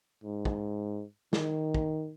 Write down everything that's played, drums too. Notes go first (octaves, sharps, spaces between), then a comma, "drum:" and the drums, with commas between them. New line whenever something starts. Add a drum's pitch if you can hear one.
G#2
drum: kick
D#3, drum: snare
drum: kick